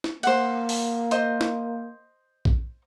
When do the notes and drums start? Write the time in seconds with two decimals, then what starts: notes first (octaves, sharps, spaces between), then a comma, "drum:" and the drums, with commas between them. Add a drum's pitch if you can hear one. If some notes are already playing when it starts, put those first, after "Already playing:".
0.04 drum: snare
0.23 A#3 C5 F#5, drum: cymbal
0.69 drum: open hi-hat
1.11 C5 D#5 C6, drum: hi-hat
1.41 drum: snare
2.45 drum: kick A#1